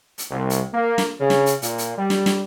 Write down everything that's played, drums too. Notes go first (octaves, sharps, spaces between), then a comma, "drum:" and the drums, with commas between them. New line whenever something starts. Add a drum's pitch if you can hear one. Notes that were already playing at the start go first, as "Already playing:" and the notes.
drum: hi-hat
C2
drum: hi-hat
A#3
drum: snare
C#3
drum: snare
drum: hi-hat
A#2, drum: hi-hat
drum: hi-hat
G3
drum: snare
drum: snare